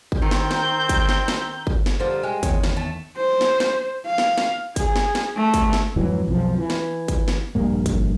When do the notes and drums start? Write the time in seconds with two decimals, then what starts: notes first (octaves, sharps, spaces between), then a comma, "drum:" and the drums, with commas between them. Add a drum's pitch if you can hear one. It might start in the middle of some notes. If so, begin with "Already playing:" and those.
0.12 drum: kick
0.22 D#3 C4 G6
0.31 drum: snare
0.51 drum: snare
0.89 drum: kick, hi-hat
1.09 drum: snare
1.28 drum: snare
1.67 drum: kick
1.86 drum: snare
2.00 D3 F3 G3 A#3 C5
2.23 G#3 C4
2.43 E2 D#3 C#5, drum: kick, hi-hat
2.63 drum: snare
2.76 A3 A5
3.16 C5
3.41 drum: snare
3.60 drum: snare
4.06 F5
4.18 drum: snare
4.38 drum: snare
4.76 G#4, drum: kick, hi-hat
4.96 drum: snare
5.15 drum: snare
5.37 A3
5.54 drum: kick, hi-hat
5.73 drum: snare
5.96 F2 G#2 E3 F#3
6.28 B1 F2 F3
6.58 E3
6.70 drum: snare
7.08 drum: kick, hi-hat
7.28 drum: snare
7.55 A#1 G2 A#3
7.86 drum: kick, hi-hat